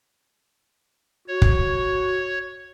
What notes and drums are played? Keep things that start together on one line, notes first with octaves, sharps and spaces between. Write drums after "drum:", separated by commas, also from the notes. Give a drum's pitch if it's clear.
F#4 C#5
drum: kick